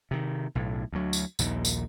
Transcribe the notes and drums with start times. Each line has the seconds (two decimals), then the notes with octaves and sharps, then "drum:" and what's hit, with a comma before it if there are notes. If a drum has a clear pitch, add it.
0.11 C3 D#3
0.55 B1 A2
0.93 D2 F#3
1.13 drum: tambourine
1.39 A#1 D#2 D#3, drum: tambourine
1.65 drum: tambourine